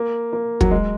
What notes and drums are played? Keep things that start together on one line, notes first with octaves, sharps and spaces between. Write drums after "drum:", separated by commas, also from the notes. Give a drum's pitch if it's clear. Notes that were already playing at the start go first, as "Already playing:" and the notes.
Already playing: A#3
A#3
F#3, drum: kick
G#3